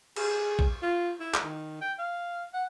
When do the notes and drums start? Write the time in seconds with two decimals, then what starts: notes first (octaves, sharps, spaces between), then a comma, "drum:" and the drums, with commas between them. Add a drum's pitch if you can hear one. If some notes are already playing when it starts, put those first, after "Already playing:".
0.16 G#4, drum: cymbal
0.59 drum: kick A#1
0.82 F4
1.20 E4
1.34 drum: clap
1.44 D#3
1.81 G5
1.99 F5
2.53 F#5